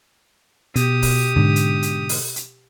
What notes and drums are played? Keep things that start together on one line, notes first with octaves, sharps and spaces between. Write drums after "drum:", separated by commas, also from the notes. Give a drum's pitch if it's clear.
B2 G4 D#6, drum: hi-hat
drum: kick, open hi-hat
G#2 D3
drum: hi-hat
drum: hi-hat
drum: open hi-hat
drum: hi-hat